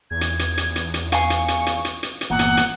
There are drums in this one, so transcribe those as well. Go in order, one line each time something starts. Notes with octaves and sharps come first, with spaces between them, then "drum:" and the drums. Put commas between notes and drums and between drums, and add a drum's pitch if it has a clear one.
E2 G#6
drum: hi-hat
drum: hi-hat
drum: hi-hat
drum: hi-hat
drum: hi-hat
F5 G#5 C#6, drum: hi-hat
drum: hi-hat
drum: hi-hat
drum: hi-hat
drum: hi-hat
drum: hi-hat
drum: hi-hat
G1 E2 A#2 F#5
drum: hi-hat
drum: hi-hat